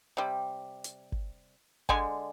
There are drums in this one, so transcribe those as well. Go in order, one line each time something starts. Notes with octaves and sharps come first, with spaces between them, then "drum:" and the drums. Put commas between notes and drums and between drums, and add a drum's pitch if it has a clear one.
C3 G3
drum: hi-hat
drum: kick G1
D3 G#3 G#5, drum: kick G1